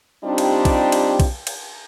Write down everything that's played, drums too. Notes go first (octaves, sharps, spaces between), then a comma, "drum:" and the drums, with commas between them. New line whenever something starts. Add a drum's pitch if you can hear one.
G3 C4 D4 D#4 F4 G4
drum: cymbal
drum: kick, cymbal
drum: cymbal
drum: kick, cymbal
drum: cymbal